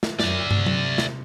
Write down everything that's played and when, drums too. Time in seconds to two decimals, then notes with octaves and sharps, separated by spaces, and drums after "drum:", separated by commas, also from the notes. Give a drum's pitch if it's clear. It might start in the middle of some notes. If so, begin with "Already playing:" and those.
0.03 drum: snare
0.20 F#2 D5 E5, drum: snare
0.51 C3, drum: tom
0.66 drum: tom F#3
0.98 drum: snare